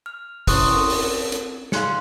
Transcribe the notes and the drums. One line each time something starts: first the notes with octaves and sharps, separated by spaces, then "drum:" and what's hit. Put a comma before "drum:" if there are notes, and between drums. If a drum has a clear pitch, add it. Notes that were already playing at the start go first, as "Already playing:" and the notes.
F6
C#4 E4 C6 C#6 D#6 F#6, drum: kick, open hi-hat
C4 A4 A#4
drum: open hi-hat
drum: hi-hat
F5 C6 F#6 C#7, drum: snare